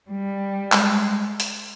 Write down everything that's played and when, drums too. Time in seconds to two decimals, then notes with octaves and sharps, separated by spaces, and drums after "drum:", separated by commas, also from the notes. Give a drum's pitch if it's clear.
0.11 G3
0.72 G#3, drum: clap
1.40 drum: hi-hat